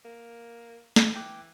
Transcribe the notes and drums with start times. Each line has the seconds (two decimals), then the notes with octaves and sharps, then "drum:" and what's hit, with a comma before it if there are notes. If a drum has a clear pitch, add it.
0.05 A#3
0.96 drum: snare
1.16 E3 G5 D6 F#6